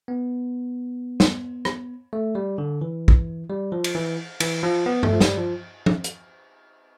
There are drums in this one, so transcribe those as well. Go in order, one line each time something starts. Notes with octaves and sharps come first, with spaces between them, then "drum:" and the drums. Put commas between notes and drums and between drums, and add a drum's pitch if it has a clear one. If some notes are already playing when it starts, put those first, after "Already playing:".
B3
drum: snare
drum: rim click
A3
G3
D3
E3
drum: kick
G3
F3
drum: cymbal
E3
E3, drum: cymbal
F3
B3
A3, drum: tom
F3
G3, drum: snare
F3
drum: tom F3
drum: hi-hat